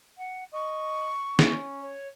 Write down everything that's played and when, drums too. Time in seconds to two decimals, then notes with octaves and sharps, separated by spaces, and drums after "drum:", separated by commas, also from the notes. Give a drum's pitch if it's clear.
0.18 F#5
0.53 D#5 C#6
1.39 C#4, drum: snare
1.81 C#5